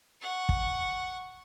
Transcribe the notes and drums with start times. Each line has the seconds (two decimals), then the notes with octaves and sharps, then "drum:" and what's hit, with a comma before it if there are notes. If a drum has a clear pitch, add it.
0.22 F#5 C#6
0.49 drum: kick